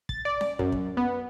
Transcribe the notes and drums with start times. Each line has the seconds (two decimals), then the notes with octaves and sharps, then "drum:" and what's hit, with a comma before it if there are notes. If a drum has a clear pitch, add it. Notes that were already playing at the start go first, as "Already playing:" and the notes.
0.09 A6, drum: kick
0.25 D5
0.41 drum: snare C#4
0.59 F#2, drum: kick
0.72 drum: kick
0.97 B3